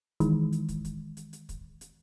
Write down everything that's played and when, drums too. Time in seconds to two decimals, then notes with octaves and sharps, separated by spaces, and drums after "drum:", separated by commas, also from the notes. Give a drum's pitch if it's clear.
0.20 D#3 E3 G#3, drum: kick, hi-hat
0.52 drum: hi-hat
0.69 drum: kick, hi-hat
0.85 drum: kick, hi-hat
1.17 drum: hi-hat
1.33 drum: hi-hat
1.49 drum: kick, hi-hat
1.81 drum: hi-hat